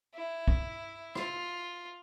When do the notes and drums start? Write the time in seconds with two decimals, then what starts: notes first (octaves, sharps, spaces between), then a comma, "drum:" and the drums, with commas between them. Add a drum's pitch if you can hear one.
0.14 E4
0.48 drum: kick
1.15 F4, drum: rim click